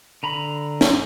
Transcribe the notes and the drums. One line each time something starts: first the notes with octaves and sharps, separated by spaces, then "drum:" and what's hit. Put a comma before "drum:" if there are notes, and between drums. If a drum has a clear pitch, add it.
D3 A#5 B5
drum: snare